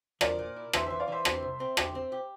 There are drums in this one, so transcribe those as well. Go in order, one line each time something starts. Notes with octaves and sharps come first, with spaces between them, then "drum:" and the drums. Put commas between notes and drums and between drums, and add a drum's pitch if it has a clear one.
F3 A#4 D5, drum: rim click
A#2
E4
E3 C5 E5, drum: rim click
E3 C5 E5
D5 F5
E3 C5 E5
C4, drum: rim click
C2
C4
G4, drum: rim click
C4
G4